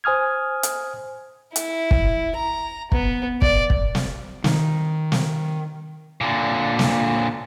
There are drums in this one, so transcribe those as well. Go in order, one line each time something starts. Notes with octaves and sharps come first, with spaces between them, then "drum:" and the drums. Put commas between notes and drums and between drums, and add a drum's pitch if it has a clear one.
C5 G#5 D#6 F6 G#6
drum: hi-hat
E4, drum: hi-hat
drum: kick
A#5
B3, drum: kick
D5, drum: kick
drum: kick
drum: snare
D#3, drum: snare
drum: snare
A#2 D3
drum: snare